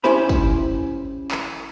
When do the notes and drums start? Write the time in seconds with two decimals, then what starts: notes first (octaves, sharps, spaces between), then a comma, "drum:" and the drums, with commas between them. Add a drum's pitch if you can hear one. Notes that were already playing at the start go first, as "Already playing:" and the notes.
0.04 C#4 E4 G4 C5 B5
0.29 drum: kick, tambourine
1.31 drum: clap